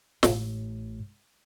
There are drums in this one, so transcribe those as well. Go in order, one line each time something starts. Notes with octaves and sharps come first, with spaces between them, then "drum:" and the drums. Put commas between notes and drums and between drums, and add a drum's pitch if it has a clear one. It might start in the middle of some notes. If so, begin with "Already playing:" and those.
A1 A2, drum: snare